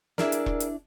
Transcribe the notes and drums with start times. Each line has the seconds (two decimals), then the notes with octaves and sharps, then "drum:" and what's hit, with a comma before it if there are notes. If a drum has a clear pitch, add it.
0.18 D4 E4 G#4 A#4 D5 E5 E6, drum: snare
0.32 drum: hi-hat
0.46 drum: kick E1
0.60 drum: hi-hat